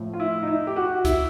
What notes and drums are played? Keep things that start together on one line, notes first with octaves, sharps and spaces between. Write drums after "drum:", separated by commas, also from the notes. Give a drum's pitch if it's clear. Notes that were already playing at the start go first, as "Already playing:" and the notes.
Already playing: A2 F3
F4
E4
D#4
E4
G4
F#4
E4, drum: kick C#2, hi-hat